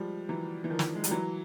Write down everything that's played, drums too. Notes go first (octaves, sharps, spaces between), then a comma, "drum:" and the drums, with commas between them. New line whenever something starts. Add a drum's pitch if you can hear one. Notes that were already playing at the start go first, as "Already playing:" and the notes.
Already playing: F3 G3 G#3
E3 F#3
E3
D#3 F3
drum: snare
G#3
G3, drum: hi-hat
E3 F#3